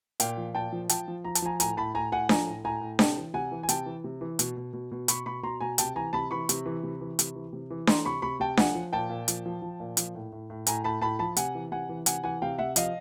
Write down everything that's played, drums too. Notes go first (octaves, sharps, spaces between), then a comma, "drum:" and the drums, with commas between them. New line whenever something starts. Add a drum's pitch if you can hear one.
A#2 F5 G5, drum: hi-hat
F3
A#2 G5 A5
F3
F3 G5 A5, drum: hi-hat
F3
F3 A#5
A5, drum: hi-hat
F3 G#5 A#5
A2 G#5 A#5, drum: hi-hat
A2 A5 B5
A2 G#5 A#5
A2 F#5 G#5
F3 G#5 A#5, drum: snare D4
A2
A2 G#5 A#5
A2
C3 G5 A5, drum: snare D4
E3
C3 F#5 G#5
E3
G#5
C3 G5 A5, drum: hi-hat
E3
C3
E3
B2, drum: hi-hat
B2
B2
B2
B2 B5 C#6, drum: hi-hat
B2 B5 C#6
B2 A#5 C6
B2 G#5 A#5
C3 G5 A5, drum: hi-hat
E3 G#5 A#5
C3 A5 B5
E3 B5 C#6
C3, drum: hi-hat
E3
C3
E3
C3, drum: hi-hat
E3
C3
E3
E3 A#5 C6, drum: snare D4
C3 B5 C#6
C3 B5 C#6
C3 G5 A5
F3 F#5 G#5, drum: snare D4
F3
A#2 G5 A5
A#2
F3, drum: hi-hat
F3
F3
A#2
F3, drum: hi-hat
A2
A2
A2
A2 G#5 A#5, drum: hi-hat
A2 A5 B5
A2 A5 B5
F3 A5 B5
C3 F#5 G#5, drum: hi-hat
E3
C3 F#5 G#5
E3
C3 F#5 G#5, drum: hi-hat
E3 F#5 G#5
C3 F5 G5
C3 E5 F#5
F3 D#5 F5, drum: hi-hat